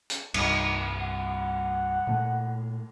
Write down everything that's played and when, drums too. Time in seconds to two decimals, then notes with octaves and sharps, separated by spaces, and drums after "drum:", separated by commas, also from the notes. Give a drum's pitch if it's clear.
0.10 drum: hi-hat
0.34 C2 G2 D#4, drum: cymbal
0.99 F#5
2.07 A#2 A3